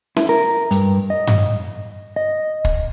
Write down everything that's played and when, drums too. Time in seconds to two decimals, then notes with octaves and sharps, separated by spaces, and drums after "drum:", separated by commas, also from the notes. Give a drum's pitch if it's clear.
0.17 E4, drum: snare C#4
0.29 A#4
0.71 G2, drum: hi-hat
1.10 D#5
1.27 drum: tom G2
2.16 D#5
2.65 drum: kick